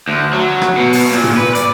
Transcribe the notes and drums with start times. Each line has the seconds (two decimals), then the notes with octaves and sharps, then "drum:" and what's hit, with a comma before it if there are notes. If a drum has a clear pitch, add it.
0.08 D2
0.33 F#3
0.62 drum: rim click
0.77 B2
0.93 drum: open hi-hat
1.12 A#2
1.24 drum: tom
1.37 B4
1.55 D5, drum: hi-hat